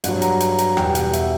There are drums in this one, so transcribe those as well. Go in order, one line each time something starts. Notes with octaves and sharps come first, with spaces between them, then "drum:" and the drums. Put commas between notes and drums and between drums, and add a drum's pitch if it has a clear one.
G2 F#3 F#5, drum: hi-hat
A#5, drum: hi-hat
A#5, drum: hi-hat
A#5, drum: hi-hat
E2 B2 G3 G5, drum: rim click
F#5, drum: hi-hat
E5, drum: hi-hat